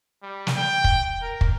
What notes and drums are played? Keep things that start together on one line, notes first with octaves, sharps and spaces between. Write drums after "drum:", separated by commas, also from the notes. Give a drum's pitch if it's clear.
G3
drum: snare
G5
drum: kick
A#4
drum: kick